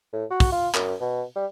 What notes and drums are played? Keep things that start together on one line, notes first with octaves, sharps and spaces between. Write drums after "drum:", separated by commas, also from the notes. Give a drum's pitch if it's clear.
A2
F#4
drum: kick, open hi-hat
F4
F#2, drum: clap
B2
G3